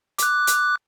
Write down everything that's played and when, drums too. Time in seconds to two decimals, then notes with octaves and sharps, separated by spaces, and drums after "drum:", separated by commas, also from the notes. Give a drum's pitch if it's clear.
0.18 D6 F#6, drum: hi-hat
0.47 drum: hi-hat